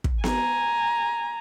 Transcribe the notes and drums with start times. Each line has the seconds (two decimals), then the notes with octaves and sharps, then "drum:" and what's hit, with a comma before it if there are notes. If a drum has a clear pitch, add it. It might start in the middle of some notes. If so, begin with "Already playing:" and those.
0.04 drum: kick
0.24 G#5 A#5, drum: snare B3